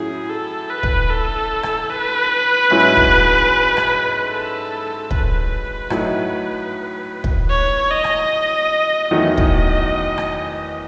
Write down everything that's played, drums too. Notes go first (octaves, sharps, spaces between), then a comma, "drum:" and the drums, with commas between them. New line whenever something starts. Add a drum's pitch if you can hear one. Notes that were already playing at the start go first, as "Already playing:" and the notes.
Already playing: A2 F#3 C#4 E4 G#4
A4
B4
drum: kick
A4
drum: rim click
B4
G#2 F#3 C#4 E4
drum: kick
drum: rim click
A4
B4, drum: kick
A2 F#3 A3 D#4, drum: rim click
drum: kick
C#5
D#5
drum: rim click
E2 D#3 F#3 A3 D#4 D#5
drum: kick
drum: rim click